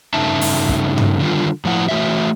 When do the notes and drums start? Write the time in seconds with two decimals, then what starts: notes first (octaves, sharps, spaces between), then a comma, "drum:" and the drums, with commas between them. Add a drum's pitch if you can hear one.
0.14 G2 C#3 A3 D#4 E5 A5
0.41 drum: open hi-hat
0.69 drum: kick
0.98 drum: tom G2
1.20 D3 D#3 G3 F4
1.65 A2 F3 E4 F#5
1.89 E3 A3 F#4 C#5 E5